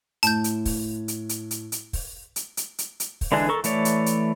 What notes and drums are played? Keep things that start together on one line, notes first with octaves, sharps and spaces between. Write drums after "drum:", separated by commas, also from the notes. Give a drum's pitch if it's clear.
A2 A5 G6, drum: hi-hat
drum: hi-hat
drum: kick, open hi-hat
drum: hi-hat
drum: hi-hat
drum: hi-hat
drum: hi-hat
drum: kick, open hi-hat
drum: hi-hat
drum: hi-hat
drum: hi-hat
drum: hi-hat
drum: kick, open hi-hat
D3 E3 G#3 D4 G#4
A4 A#4 C#6
E3 A3 C#5 D5, drum: hi-hat
drum: hi-hat
drum: hi-hat